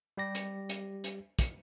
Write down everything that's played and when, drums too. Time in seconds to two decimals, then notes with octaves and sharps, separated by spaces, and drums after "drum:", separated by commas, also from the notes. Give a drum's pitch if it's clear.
0.17 G3 G4 A#6
0.35 drum: hi-hat
0.69 drum: hi-hat
1.04 drum: hi-hat
1.39 drum: kick, hi-hat